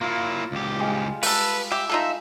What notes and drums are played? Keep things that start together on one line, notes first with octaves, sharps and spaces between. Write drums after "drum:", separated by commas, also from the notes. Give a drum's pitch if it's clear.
A#3 E4 F4
C#2 G4
G3 G#3
A3 A4 B4, drum: open hi-hat
G4 E5
D#4 F4 A4